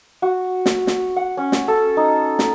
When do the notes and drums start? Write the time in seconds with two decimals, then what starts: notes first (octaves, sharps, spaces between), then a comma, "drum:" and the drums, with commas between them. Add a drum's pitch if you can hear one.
0.22 F#4
0.66 drum: snare
0.87 drum: snare
1.16 F#5
1.37 C#4
1.52 drum: snare
1.68 A4
1.97 D#4
2.39 drum: snare